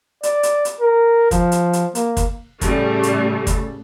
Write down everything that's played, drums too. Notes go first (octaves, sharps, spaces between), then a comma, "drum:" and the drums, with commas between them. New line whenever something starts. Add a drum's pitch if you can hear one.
D5, drum: hi-hat
drum: hi-hat
drum: hi-hat
A#4
F3, drum: kick, hi-hat
drum: hi-hat
drum: hi-hat
A#3, drum: hi-hat
drum: kick, hi-hat
A2 C#3 G3 A3, drum: kick, hi-hat
drum: hi-hat
drum: kick, hi-hat